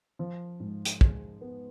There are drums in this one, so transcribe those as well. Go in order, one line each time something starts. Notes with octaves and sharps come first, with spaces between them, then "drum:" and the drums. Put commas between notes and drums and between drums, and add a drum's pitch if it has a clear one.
F3
G#2
drum: hi-hat
G#3, drum: kick
B3